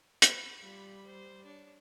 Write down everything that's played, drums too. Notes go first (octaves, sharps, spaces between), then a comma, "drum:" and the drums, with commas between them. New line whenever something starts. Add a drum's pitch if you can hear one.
B5, drum: hi-hat
G3 F4 B5
C5
D4 C#5